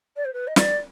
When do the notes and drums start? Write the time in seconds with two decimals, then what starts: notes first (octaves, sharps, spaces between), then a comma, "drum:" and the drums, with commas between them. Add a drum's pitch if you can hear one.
0.16 D5
0.25 C5
0.33 B4
0.47 D#5
0.56 D5, drum: snare